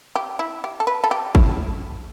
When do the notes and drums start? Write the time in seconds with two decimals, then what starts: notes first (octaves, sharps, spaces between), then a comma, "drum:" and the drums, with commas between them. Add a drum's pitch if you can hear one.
0.16 G4
0.39 E4
0.64 G4
0.80 A4
0.87 B4
1.04 A4
1.11 G4
1.35 E4, drum: kick